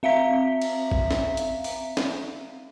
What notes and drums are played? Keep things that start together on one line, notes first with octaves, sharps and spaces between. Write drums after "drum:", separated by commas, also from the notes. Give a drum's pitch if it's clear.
C4 E5 F5 A#5 B6
drum: cymbal
drum: kick
drum: snare
drum: hi-hat
drum: open hi-hat
drum: snare